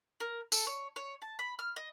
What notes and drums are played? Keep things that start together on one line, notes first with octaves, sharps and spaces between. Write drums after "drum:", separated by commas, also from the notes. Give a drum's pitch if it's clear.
A#4
A4, drum: tambourine
C#5
C#5
A5
B5
F6
D#5